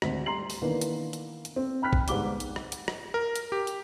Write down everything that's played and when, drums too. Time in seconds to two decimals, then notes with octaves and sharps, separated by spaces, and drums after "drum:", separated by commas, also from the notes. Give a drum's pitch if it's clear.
0.02 G#1 D2 B6, drum: rim click
0.26 G3 A#5 C6 C7 F#7
0.50 drum: open hi-hat
0.62 D#3 E3 A#3 B3 D4
0.81 drum: hi-hat
1.13 drum: hi-hat
1.45 drum: hi-hat
1.56 C4
1.82 G5 B5 F6 F#6 B6
1.93 drum: kick
2.08 G1 G#2 G3 D6 G7, drum: hi-hat
2.40 drum: hi-hat
2.56 drum: rim click
2.72 drum: hi-hat
2.88 drum: rim click
3.14 A#4
3.36 drum: hi-hat
3.52 G4
3.67 drum: hi-hat